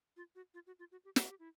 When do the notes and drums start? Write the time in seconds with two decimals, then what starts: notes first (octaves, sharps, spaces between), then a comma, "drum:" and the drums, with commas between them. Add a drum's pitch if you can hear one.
0.17 F4
0.35 F#4
0.54 F4
0.67 F#4
0.79 F4
0.92 F#4
1.05 G4
1.16 G#4, drum: snare
1.29 G4
1.40 E4